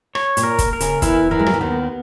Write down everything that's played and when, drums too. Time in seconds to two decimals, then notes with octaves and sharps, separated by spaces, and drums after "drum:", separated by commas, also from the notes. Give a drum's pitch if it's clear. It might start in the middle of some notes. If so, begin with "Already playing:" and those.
0.15 C#5, drum: rim click
0.37 A#2, drum: hi-hat
0.43 A#4
0.59 drum: kick, hi-hat
0.73 A#4
0.80 C#3, drum: hi-hat
1.02 E2 E3 E4, drum: kick, hi-hat
1.31 E2 E3 A#4
1.39 G#3
1.46 F#3, drum: rim click
1.54 E3
1.60 D#2 D#3 B3